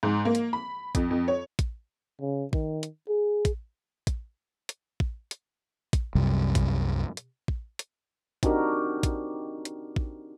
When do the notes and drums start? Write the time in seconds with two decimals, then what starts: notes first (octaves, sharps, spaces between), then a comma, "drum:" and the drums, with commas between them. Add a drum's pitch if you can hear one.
0.03 G#2
0.25 A#3
0.35 drum: hi-hat
0.53 B5
0.95 F2, drum: kick, hi-hat
1.11 F2
1.28 C#5
1.59 drum: kick, hi-hat
2.20 C#3
2.53 D#3, drum: kick
2.83 drum: hi-hat
3.09 G#4
3.45 drum: kick, hi-hat
4.07 drum: kick, hi-hat
4.69 drum: hi-hat
5.00 drum: kick
5.31 drum: hi-hat
5.93 drum: kick, hi-hat
6.15 C2 F#2 C3 G3
6.55 drum: kick, hi-hat
7.17 drum: hi-hat
7.48 drum: kick
7.79 drum: hi-hat
8.43 C4 D4 D#4 F#4 G4 A#4, drum: kick, hi-hat
9.03 drum: kick, hi-hat
9.65 drum: hi-hat
9.96 drum: kick